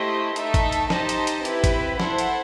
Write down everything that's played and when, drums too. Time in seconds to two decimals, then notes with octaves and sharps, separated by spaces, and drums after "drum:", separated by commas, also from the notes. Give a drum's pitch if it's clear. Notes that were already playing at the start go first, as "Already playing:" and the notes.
Already playing: A3 E4 G4 C5 D#5
0.36 A3 D#4 A4 E5, drum: hi-hat
0.54 drum: kick G#1, hi-hat
0.72 drum: hi-hat
0.90 D#4 G4 C5 D#5 A5, drum: snare
1.09 drum: hi-hat
1.27 drum: hi-hat
1.45 C4 E4 G4 B4, drum: hi-hat
1.64 drum: kick G#1, hi-hat
2.00 E4 A4 C5 F#5 A5, drum: snare
2.18 drum: hi-hat